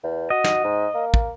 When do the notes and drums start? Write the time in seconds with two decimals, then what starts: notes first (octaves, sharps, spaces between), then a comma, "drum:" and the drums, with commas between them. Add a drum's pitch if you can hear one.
0.03 E2
0.30 F#4 D#5
0.44 drum: snare
0.64 G#2
0.94 A#3
1.14 drum: kick